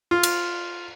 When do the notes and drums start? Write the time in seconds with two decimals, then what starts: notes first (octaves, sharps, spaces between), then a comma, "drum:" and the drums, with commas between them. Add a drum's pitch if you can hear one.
0.11 F4
0.23 drum: cymbal